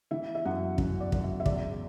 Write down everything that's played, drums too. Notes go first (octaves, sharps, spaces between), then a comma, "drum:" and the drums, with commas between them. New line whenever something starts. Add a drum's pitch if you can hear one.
E3 E5
E5
F#2 F#5
F#2 E5, drum: kick
D5
F#2, drum: kick
E5
E5
E2 D5, drum: kick